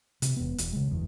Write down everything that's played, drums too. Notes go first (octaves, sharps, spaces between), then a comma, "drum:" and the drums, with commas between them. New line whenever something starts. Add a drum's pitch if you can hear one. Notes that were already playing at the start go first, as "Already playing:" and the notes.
C3, drum: hi-hat
E1 B3
E1, drum: hi-hat
C#3 G#3
F#1 E2